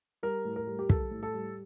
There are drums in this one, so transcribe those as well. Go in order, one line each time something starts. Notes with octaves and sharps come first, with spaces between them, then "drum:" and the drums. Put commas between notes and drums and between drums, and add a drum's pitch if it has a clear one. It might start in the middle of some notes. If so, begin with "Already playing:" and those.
G3 A#4
A2
A#4
G3
G4
G3 A4, drum: kick
A2
A4
G3